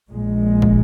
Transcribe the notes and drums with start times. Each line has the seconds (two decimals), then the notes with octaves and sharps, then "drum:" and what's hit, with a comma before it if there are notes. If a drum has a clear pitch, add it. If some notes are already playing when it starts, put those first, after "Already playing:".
0.12 A#1 A#2 G#3
0.62 drum: kick